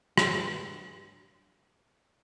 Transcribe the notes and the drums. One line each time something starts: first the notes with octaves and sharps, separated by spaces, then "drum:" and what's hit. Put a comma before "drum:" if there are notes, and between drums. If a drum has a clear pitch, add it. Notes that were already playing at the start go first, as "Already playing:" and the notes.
G2, drum: rim click